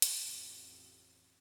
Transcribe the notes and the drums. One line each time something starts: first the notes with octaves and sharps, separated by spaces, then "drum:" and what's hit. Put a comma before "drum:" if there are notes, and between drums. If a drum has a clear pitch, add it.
drum: hi-hat
A1 F2